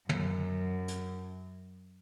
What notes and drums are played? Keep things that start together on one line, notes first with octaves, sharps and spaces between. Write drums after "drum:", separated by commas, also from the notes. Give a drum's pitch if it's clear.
F#2, drum: tom
drum: hi-hat